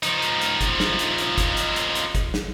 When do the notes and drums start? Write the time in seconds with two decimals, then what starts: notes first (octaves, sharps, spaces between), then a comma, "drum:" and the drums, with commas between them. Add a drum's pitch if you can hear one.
0.03 F3 D#4, drum: hi-hat
0.22 drum: hi-hat
0.41 drum: hi-hat
0.61 drum: kick G1, hi-hat
0.80 drum: snare
0.99 drum: hi-hat
1.18 drum: hi-hat
1.38 drum: kick G1, hi-hat
1.57 drum: hi-hat
1.76 drum: hi-hat
1.95 drum: hi-hat
2.15 drum: kick G1, hi-hat
2.34 drum: snare